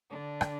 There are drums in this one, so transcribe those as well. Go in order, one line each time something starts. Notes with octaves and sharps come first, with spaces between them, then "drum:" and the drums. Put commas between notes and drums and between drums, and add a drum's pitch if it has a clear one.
D3 D4
drum: rim click